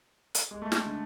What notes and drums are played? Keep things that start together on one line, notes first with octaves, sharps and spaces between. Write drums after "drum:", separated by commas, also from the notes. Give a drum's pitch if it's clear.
drum: hi-hat
G#3
A3
G#3, drum: snare
D3